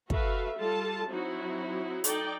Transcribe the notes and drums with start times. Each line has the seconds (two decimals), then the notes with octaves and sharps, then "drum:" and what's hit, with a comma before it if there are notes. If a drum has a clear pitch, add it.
0.10 F#4 A4 B4 E5 F5, drum: kick
0.58 G3 F4 A4 A5
1.09 F#3 C4 D#4 E4 F#4
2.04 D#4 A4 D5 G5, drum: hi-hat